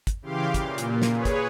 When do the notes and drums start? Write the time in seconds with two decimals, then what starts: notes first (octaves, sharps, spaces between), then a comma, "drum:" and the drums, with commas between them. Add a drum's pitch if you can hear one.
0.07 drum: kick, hi-hat
0.22 C#3 E3 G4 F5 C6 D6
0.54 A#2, drum: kick, hi-hat
0.78 drum: hi-hat
1.02 drum: snare
1.11 G#4 B4 C#5
1.25 drum: kick, hi-hat